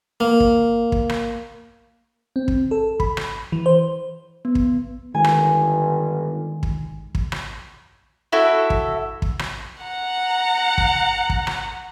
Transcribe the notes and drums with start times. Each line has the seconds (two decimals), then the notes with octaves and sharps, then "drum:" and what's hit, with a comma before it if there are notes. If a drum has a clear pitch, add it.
0.20 A#3
0.40 drum: kick
0.92 drum: kick
1.09 drum: rim click
2.36 C4
2.48 drum: kick
2.71 A4
3.00 B5, drum: kick
3.17 drum: rim click
3.52 E3
3.66 C5
4.45 B3
4.55 drum: kick
5.15 G1 D#3 G#3 G#5
5.24 drum: rim click
6.63 drum: kick
7.15 drum: kick
7.32 drum: rim click
8.32 E4 F#4 A4 E5
8.70 drum: kick
9.22 drum: kick
9.39 drum: rim click
9.82 F#5 A#5
10.78 drum: kick
11.30 drum: kick
11.47 drum: rim click